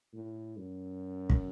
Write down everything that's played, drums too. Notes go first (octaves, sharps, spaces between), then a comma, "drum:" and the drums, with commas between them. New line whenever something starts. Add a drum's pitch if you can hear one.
A2
F#2
drum: kick